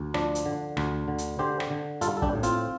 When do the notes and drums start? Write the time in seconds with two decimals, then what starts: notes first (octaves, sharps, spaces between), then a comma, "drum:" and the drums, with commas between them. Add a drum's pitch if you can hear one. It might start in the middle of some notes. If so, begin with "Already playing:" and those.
Already playing: D2
0.14 F3 D4, drum: rim click
0.35 drum: hi-hat
0.46 D3
0.77 D2, drum: rim click
1.08 D3
1.18 drum: hi-hat
1.39 D3 G4 C5
1.60 drum: rim click
1.70 D3
2.01 G3 F4 A4, drum: hi-hat
2.17 A4
2.22 D4 G4, drum: kick
2.33 A2
2.43 C4 F4, drum: hi-hat